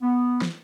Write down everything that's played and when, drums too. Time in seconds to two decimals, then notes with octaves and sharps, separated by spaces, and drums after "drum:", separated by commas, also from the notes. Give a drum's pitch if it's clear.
0.02 B3
0.41 drum: snare